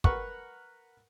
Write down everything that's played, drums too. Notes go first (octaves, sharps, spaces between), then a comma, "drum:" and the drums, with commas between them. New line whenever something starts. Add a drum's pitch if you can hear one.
A#4 B4 F#5 C#6, drum: kick